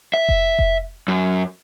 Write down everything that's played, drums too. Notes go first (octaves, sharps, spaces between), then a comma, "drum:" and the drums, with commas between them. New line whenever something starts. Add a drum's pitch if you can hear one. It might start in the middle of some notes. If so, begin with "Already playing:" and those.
E5
drum: kick F1
drum: kick F1
F#2